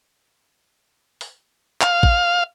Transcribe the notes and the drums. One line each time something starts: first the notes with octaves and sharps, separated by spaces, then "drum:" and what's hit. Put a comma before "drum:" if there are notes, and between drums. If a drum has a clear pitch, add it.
drum: open hi-hat
F5, drum: clap
drum: kick A1